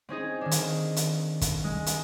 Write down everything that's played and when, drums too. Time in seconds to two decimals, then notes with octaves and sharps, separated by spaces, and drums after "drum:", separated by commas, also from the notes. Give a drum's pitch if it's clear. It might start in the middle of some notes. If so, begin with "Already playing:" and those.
0.09 C4 C#4 D#4 G#4
0.41 D#3 D4
0.51 drum: hi-hat
0.96 drum: hi-hat
1.41 drum: kick, hi-hat
1.64 G#3
1.86 drum: hi-hat